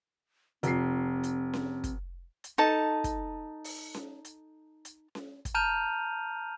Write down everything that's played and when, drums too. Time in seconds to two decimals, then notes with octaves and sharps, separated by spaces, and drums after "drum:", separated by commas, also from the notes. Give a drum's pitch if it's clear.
0.63 F1 C4 C7, drum: hi-hat
1.23 drum: hi-hat
1.54 drum: snare C#4
1.84 drum: kick, hi-hat
2.44 drum: hi-hat
2.58 D#4 A4 A5
3.04 drum: kick, hi-hat
3.64 drum: open hi-hat
3.94 drum: snare C#4
4.25 drum: hi-hat
4.85 drum: hi-hat
5.15 drum: snare C#4
5.45 drum: kick, hi-hat
5.55 A5 A#5 F6 G6 D#7 F7